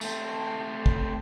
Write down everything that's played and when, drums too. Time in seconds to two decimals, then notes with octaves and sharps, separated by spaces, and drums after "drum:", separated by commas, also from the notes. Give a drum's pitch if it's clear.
0.01 A3 C4, drum: tambourine
0.86 drum: kick